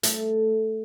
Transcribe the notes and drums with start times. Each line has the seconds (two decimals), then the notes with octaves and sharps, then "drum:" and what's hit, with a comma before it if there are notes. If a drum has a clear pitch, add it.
0.03 A3, drum: hi-hat